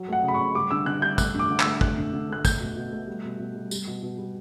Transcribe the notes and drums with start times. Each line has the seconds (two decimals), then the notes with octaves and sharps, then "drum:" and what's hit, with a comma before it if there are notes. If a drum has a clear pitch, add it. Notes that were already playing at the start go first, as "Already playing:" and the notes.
Already playing: F#3
0.08 A3 F#5
0.23 C#3
0.28 B5
0.34 C#3 C#6
0.55 G3 D6
0.71 D3 E6
0.86 D3 F#6
1.02 G3 G6
1.18 A3 F#6, drum: kick, tambourine
1.34 D3
1.39 D6
1.50 D3
1.60 E6, drum: clap
1.65 A3
1.81 A3 F#6, drum: kick
1.97 D3
2.13 D3
2.29 A3 F#6
2.45 A3 G6, drum: kick, tambourine
2.60 B2
2.76 B2
2.92 A3
3.07 G3
3.24 B2
3.39 B2
3.55 G3
3.71 G3, drum: tambourine
3.87 B2
4.02 B2
4.18 G3